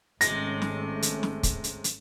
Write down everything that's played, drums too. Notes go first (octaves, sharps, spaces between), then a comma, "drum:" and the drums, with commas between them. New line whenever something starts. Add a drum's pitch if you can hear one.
G#1 C3 G#3 A3 C#4 A#6, drum: hi-hat
drum: snare
drum: hi-hat
drum: snare
drum: kick, hi-hat
drum: hi-hat
drum: hi-hat